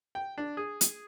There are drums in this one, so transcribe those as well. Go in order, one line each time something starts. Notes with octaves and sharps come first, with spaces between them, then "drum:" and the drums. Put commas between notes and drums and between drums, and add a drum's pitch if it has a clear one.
G5
D4
G#4
drum: hi-hat